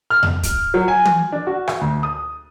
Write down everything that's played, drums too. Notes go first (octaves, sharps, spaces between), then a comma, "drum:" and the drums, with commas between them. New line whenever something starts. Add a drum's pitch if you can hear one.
F6
drum: tom F2
drum: kick, hi-hat
F#3
G#5
drum: tom
D4
F#4
drum: rim click
D2
D#6